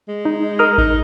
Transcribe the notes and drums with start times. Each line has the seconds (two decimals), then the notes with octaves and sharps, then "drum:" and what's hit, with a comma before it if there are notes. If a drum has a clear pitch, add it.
0.08 G#3
0.25 D#4
0.59 A#4 D#6 F6
0.78 D#4, drum: kick G#1